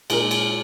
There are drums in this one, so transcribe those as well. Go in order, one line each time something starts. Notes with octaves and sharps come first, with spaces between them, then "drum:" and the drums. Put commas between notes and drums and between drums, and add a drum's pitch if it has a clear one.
A#2 G#3 D#4 A#4, drum: cymbal
drum: cymbal